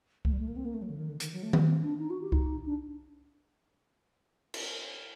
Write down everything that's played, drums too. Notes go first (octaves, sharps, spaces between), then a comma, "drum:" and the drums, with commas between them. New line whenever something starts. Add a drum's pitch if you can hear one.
A3, drum: kick C2
G3
A3
A#3
C4
A#3
A3
F#3
D3
D#3
D3
D#3, drum: hi-hat
F#3
A3
G3, drum: tom D#3
C4
D4
D#4
F#4
G4
D#4, drum: kick C2
D4
drum: cymbal